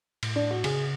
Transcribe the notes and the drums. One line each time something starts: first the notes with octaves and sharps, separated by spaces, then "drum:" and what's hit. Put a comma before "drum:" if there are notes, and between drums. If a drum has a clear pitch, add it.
A2, drum: cymbal
D4
F#4
C#3 G#4, drum: cymbal